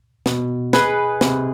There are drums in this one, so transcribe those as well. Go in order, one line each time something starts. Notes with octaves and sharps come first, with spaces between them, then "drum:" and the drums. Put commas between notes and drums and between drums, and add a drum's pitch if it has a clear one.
B2, drum: snare
D#4 G#4 B4, drum: snare
C3, drum: snare